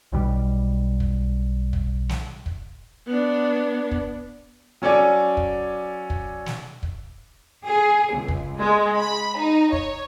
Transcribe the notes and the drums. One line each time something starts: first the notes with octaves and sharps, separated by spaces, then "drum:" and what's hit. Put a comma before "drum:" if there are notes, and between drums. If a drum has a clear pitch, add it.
B1 B2 G3
drum: kick
drum: kick
drum: snare
drum: kick
B3 D4
drum: kick
F#3 C#4 A4 D5 G#5
drum: kick
drum: kick
drum: snare
drum: kick
G#4
C#2
drum: kick
G#3
B5
D#4
C#5, drum: kick